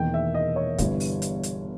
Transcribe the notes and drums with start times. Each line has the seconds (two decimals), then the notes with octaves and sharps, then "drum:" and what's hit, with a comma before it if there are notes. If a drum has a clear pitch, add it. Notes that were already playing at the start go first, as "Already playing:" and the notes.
Already playing: E1 E2 D#3 A#3 G5
0.14 E5
0.34 D#5
0.56 C#5
0.78 G1 G2 E3 G3, drum: kick, hi-hat
1.00 drum: open hi-hat
1.22 drum: hi-hat
1.43 drum: hi-hat